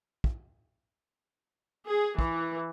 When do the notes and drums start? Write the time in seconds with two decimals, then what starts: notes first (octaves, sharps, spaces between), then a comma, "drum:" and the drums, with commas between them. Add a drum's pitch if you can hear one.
0.24 drum: kick
1.87 G#4
2.19 E3, drum: kick